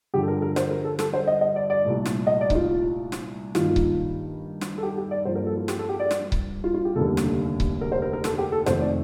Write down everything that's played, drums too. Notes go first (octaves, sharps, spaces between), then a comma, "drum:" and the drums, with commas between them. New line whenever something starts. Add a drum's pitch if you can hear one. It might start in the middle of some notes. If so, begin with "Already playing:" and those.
G2 D3 F3 G4
A4
A#4
A#4
C5, drum: snare
A#4
A4
A4, drum: snare
C5
D#5
D#5
D5
D5
C2 A#2 A3
drum: snare
D#5
D5
D#4, drum: kick C#1
F4
drum: snare
G2 D#3 A#3 F4, drum: snare
drum: kick C#1
drum: snare
A4
G4
G4
D5
G2 F3 A#3 C5
A#4
A4
F4
G4, drum: snare
A4
G4
D5
drum: snare
drum: kick C#1
F4
F4
G4
F1 D#2 D3 G3 A#3 A4
drum: snare
drum: kick C#1
A#4
C5
A#4
A#4
A4, drum: snare
G4
A4
F1 F2 D#3 A3 C5, drum: snare
D5